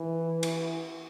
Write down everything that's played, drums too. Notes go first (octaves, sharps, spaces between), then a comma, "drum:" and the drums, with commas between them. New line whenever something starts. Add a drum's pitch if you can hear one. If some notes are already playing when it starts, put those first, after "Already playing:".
Already playing: E3
drum: cymbal